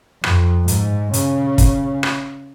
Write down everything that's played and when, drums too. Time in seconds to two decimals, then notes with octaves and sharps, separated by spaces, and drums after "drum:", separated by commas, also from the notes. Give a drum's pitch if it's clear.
0.24 F2, drum: rim click
0.68 G#2, drum: hi-hat
1.13 C#3, drum: hi-hat
1.58 drum: kick, hi-hat
2.03 drum: rim click